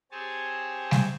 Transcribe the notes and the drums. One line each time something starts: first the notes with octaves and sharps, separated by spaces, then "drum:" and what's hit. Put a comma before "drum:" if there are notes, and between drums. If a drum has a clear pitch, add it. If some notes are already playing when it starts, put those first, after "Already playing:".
C4 G4 G#4 C#5 G#5 A5
drum: snare